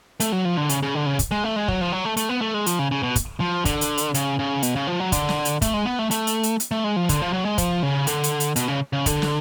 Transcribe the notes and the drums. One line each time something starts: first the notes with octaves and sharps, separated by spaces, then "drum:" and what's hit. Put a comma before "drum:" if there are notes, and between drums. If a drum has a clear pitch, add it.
A3, drum: hi-hat
F#3
F3
D3
C#3, drum: hi-hat
C#3
D3
C#3
drum: kick, hi-hat
G#3
A3
G#3
F#3, drum: kick
F3
F#3
A3
A3, drum: hi-hat
B3
A3
G#3
F3, drum: hi-hat
C#3
C#3
B2
drum: kick, hi-hat
F3
D3, drum: kick, hi-hat
drum: hi-hat
drum: hi-hat
C#3, drum: hi-hat
C#3
B2, drum: hi-hat
C#3
F3
F#3
D3, drum: kick, hi-hat
drum: snare
drum: hi-hat
A3, drum: kick, hi-hat
G#3
B3
A3
A3, drum: hi-hat
drum: hi-hat
drum: hi-hat
drum: hi-hat
A3
G#3
F3
D3, drum: kick, hi-hat
F3
F#3
G#3
F3, drum: kick, hi-hat
C#3
D3, drum: hi-hat
drum: hi-hat
drum: hi-hat
B2, drum: hi-hat
C#3
C#3
D3, drum: kick, hi-hat
drum: snare